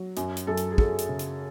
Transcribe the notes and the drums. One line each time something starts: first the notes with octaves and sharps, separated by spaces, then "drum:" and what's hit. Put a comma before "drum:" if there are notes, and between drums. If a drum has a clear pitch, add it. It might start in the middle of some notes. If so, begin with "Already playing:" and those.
Already playing: F#3
F#2, drum: hi-hat
drum: hi-hat
F#2 A4
drum: hi-hat
G#4
F#3 A4, drum: kick
drum: hi-hat
C#3
drum: hi-hat